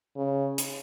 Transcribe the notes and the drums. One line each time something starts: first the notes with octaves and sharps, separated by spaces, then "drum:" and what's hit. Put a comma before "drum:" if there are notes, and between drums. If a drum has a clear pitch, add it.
C#3
drum: hi-hat